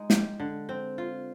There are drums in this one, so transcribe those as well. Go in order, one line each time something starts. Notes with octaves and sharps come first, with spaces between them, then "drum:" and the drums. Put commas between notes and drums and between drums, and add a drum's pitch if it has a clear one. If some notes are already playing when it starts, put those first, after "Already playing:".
Already playing: G#3 D#4
G4, drum: snare
D3
C4
F4